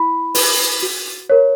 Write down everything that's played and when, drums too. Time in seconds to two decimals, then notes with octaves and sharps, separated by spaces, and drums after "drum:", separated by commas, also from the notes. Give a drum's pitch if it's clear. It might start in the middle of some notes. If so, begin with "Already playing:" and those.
Already playing: E4 B5
0.35 B4, drum: open hi-hat
0.82 F#4
1.30 A#4 C#5